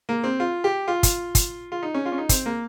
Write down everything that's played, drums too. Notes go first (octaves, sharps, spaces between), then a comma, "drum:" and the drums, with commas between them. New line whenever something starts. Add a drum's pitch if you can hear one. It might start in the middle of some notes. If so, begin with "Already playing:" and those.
A#3
C4
F4
G4
F4
drum: kick, hi-hat
drum: kick, hi-hat
F4
D#4
C#4
F4
C#4
D#4
C4, drum: kick, hi-hat
A#3